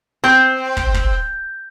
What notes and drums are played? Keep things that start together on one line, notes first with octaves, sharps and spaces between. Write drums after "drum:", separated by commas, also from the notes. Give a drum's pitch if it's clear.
C4 G6
drum: kick
drum: kick